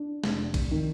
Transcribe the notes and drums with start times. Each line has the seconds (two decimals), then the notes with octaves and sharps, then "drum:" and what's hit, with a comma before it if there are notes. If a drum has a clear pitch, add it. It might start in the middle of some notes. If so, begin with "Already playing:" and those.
Already playing: D4
0.24 F1, drum: snare
0.54 drum: kick, cymbal
0.71 D#3